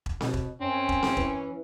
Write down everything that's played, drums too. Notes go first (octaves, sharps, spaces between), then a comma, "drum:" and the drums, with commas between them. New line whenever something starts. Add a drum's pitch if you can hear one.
drum: kick E1
B2, drum: snare C4
drum: kick E1
F#2 C4 C#4
drum: kick E1
drum: snare C4
E3, drum: kick E1